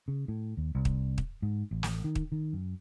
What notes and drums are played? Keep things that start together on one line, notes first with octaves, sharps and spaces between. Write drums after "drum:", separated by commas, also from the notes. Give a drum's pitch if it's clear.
C#3
A2
D#2
C2
drum: kick
drum: kick
G#2
A1
drum: snare
D#3
drum: kick
D#3
F#2